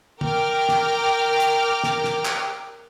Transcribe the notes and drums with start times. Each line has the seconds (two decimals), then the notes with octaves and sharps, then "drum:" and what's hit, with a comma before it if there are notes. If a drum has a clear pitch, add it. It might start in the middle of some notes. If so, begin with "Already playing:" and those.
0.21 A#4 G5 D6 F6, drum: tom
0.69 drum: snare
1.40 drum: hi-hat
1.84 drum: snare
2.04 drum: snare
2.25 drum: clap